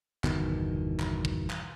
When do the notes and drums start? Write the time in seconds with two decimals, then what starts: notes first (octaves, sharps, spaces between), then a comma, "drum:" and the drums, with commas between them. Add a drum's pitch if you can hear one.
0.24 G1 E2 B2 D#3, drum: clap
1.00 drum: clap
1.25 drum: kick
1.50 drum: clap